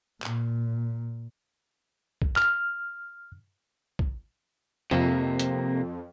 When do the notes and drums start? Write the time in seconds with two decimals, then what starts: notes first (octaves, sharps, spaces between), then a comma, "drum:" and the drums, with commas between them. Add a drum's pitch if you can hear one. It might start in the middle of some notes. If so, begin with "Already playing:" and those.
0.22 A#2, drum: clap
2.22 drum: kick
2.36 F6, drum: clap
3.99 drum: kick
4.91 F2 C3 A#3, drum: tom C3
5.39 drum: hi-hat